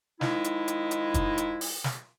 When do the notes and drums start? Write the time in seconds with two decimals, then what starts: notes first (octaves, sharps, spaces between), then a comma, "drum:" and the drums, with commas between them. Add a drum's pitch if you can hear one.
0.21 D#3 F3 G#3 D#4 E4, drum: snare
0.44 drum: hi-hat
0.68 drum: hi-hat
0.91 drum: hi-hat
1.14 drum: kick, hi-hat
1.38 drum: hi-hat
1.61 drum: open hi-hat
1.84 drum: snare